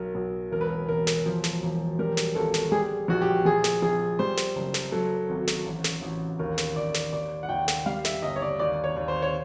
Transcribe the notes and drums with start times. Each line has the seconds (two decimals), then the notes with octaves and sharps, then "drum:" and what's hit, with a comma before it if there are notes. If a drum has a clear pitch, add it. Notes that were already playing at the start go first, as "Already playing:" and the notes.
Already playing: B1 A#4
0.15 B1
0.51 E1 A#4
0.61 B4
0.69 A#4
0.88 E1 A#4
1.07 drum: snare
1.26 F3
1.44 drum: snare
1.63 E1
1.99 G3 A#4
2.17 drum: snare
2.35 G#1 A4
2.54 drum: snare
2.72 G3 G#4
3.08 A#1 F#4
3.22 G4
3.45 A#1 G#4
3.64 drum: snare
3.82 A#1 G#4
4.19 G3 C5
4.37 drum: snare
4.56 F#1
4.74 drum: snare
4.92 F#3 A4
5.29 G#1
5.48 drum: snare
5.66 A1
5.84 drum: snare
6.02 A1
6.39 D#2 A#4
6.58 drum: snare
6.76 D#2 D5
6.94 drum: snare
7.13 D#2 D5
7.43 F#5
7.49 D#2 G5
7.68 drum: snare
7.86 G3 F5
8.05 E5, drum: snare
8.22 G1 D#5
8.36 C#5
8.42 D5
8.59 D#2 D5
8.84 C#5
8.97 D#2
9.08 C5
9.22 C#5